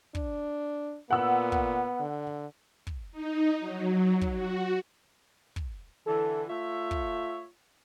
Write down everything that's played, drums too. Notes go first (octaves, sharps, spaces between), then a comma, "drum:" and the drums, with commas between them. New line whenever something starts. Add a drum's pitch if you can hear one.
D4, drum: kick
A#2 B3 F#5 E6
drum: kick
D3
drum: kick
D#4
F#3
drum: kick
F#4
drum: kick
D3 E3 A4
A3 F4 C#5 E5
drum: kick